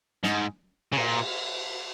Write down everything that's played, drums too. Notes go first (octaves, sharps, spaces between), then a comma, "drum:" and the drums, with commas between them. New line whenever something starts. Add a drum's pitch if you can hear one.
G#2, drum: snare
C#3
A#2, drum: cymbal